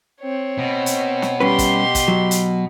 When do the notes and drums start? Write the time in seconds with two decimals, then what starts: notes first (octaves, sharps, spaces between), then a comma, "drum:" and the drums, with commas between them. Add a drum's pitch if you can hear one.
0.22 C4 C#5
0.59 B2
0.86 drum: hi-hat
1.22 drum: snare
1.40 G3 C#4 G4 B4 C6
1.59 drum: kick, hi-hat
1.95 drum: kick, hi-hat
2.08 F#3
2.31 drum: hi-hat